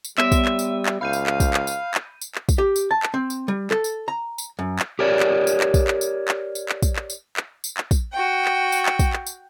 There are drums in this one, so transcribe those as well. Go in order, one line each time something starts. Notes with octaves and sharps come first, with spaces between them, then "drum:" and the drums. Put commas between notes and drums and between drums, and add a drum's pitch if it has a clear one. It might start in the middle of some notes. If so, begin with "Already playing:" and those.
drum: tambourine
G3 B3 C#5 E5 D#7, drum: clap
drum: kick, tambourine
drum: clap
drum: tambourine
drum: clap
C#2 F5 B5 G6 D#7
drum: tambourine
drum: clap
drum: kick, tambourine
drum: clap
drum: tambourine
drum: clap
drum: tambourine
drum: clap
drum: kick, tambourine
G4
drum: tambourine
A5
drum: clap
C4
drum: tambourine
G3
A4, drum: clap
drum: tambourine
A#5
drum: tambourine
F#2
drum: clap
G4 A#4 C#5 D5
drum: clap
drum: tambourine
drum: clap
drum: kick, tambourine
drum: clap
drum: tambourine
drum: clap
drum: tambourine
drum: clap
drum: kick, tambourine
drum: clap
drum: tambourine
drum: clap
drum: tambourine
drum: clap
drum: kick, tambourine
F#4 G5
drum: clap
drum: tambourine
drum: clap
drum: kick, tambourine
drum: clap
drum: tambourine